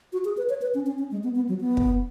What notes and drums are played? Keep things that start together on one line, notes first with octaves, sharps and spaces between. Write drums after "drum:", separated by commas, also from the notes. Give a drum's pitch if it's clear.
F#4
G#4
B4
C#5
B4
C#4
C#4
C#4
G#3
B3
B3
F#3
B3
drum: kick